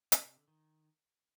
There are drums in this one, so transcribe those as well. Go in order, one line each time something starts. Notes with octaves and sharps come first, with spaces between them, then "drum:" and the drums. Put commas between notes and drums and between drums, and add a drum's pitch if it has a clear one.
A#2, drum: hi-hat
C3
D3
D#3